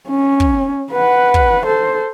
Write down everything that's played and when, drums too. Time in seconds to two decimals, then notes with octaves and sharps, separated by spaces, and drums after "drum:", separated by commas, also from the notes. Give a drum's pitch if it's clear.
0.10 C#4
0.40 drum: kick
0.92 B4 F#5
1.34 drum: kick
1.65 A4 C5